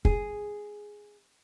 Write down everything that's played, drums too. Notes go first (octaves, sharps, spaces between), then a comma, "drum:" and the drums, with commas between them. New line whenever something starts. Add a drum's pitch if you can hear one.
G#4, drum: kick